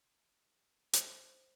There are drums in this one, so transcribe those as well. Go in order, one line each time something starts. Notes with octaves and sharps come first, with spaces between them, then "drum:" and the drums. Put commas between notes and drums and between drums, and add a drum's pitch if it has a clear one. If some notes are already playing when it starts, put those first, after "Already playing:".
C5, drum: hi-hat